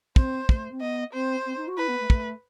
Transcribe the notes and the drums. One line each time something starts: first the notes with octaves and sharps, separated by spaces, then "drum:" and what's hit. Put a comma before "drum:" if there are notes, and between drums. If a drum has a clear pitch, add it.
C4 C5, drum: kick
A3, drum: kick
C4
B3 D#5
C4 C5
C4
D#4
F#4
E4 B4
B3
A3
A3, drum: kick